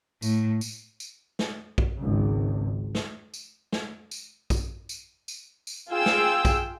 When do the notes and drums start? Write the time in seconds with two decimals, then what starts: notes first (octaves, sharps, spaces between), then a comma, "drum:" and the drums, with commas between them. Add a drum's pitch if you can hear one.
0.22 A2, drum: tambourine
0.61 drum: tambourine
1.00 drum: tambourine
1.39 drum: snare
1.78 drum: kick A#1
1.99 G#1 C#2
2.95 drum: snare
3.34 drum: tambourine
3.72 drum: snare
4.11 drum: tambourine
4.50 drum: kick A#1, tambourine
4.89 drum: tambourine
5.28 drum: tambourine
5.67 drum: tambourine
5.89 F4 G#4 G5 E6
6.06 drum: snare
6.45 drum: kick A#1, tambourine